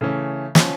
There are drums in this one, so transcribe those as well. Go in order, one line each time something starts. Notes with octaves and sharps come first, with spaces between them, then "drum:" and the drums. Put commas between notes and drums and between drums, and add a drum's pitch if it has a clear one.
C#3 E3 A3 C#4
F3 C#4, drum: snare